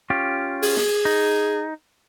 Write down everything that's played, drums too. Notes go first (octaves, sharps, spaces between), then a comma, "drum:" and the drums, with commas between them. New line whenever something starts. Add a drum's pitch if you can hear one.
C#4 F4 G4
G#4, drum: open hi-hat
drum: snare
D#4